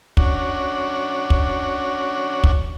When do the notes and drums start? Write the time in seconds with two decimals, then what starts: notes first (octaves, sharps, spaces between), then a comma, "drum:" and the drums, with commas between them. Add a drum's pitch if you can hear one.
0.17 C#4 D4 F#4, drum: kick
1.30 drum: kick
2.44 drum: kick